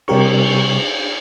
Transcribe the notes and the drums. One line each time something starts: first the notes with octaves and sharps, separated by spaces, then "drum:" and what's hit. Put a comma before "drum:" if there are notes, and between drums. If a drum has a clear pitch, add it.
C3 G3 G4 A#4 C#6, drum: cymbal